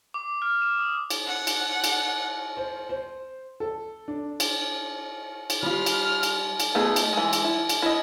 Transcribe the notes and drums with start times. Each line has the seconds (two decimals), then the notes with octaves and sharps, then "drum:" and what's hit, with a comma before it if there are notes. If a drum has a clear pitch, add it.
0.14 D6
0.42 F6
0.62 E7
0.79 D#6
1.10 drum: cymbal
1.26 F#5
1.47 drum: cymbal
1.84 drum: cymbal
2.57 C5
2.89 C5
3.60 A4
4.08 D4
4.40 drum: cymbal
5.50 drum: cymbal
5.63 G3 F4 F6
5.86 drum: cymbal
6.23 drum: cymbal
6.60 drum: cymbal
6.75 A3 B3 D#4 F4 G#4
6.96 drum: cymbal
7.13 E3 G#3
7.33 drum: cymbal
7.44 E4
7.69 drum: cymbal
7.82 E4 D#5